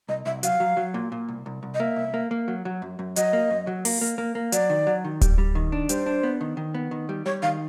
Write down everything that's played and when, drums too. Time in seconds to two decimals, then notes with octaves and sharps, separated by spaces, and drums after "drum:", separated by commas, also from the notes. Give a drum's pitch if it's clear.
0.09 C2 D#5
0.26 C2 E5
0.43 F#3 F5, drum: hi-hat
0.60 F#3
0.77 F#3
0.94 A#2
1.12 A#2
1.29 C2
1.46 C2
1.63 C2
1.74 D#5
1.80 A#3 E5
1.96 C2
2.14 A#3
2.31 A#3
2.48 F#3
2.65 F#3
2.82 F#2
2.99 F#2
3.16 F#3 D#5, drum: hi-hat
3.33 A#3
3.50 F#2
3.67 F#3
3.85 A#3, drum: open hi-hat
4.01 A#3
4.18 A#3
4.35 A#3
4.52 F#3 D5, drum: hi-hat
4.70 D#3
4.87 F#3
5.04 D#3
5.21 G3, drum: kick D1, hi-hat
5.38 G3
5.55 D#3
5.72 D4
5.89 G3 C5, drum: hi-hat
6.06 D4
6.23 B3
6.41 D#3
6.57 D#3
6.74 B3
6.91 D#3
7.09 G3
7.26 G3 C#5
7.42 D#3 F5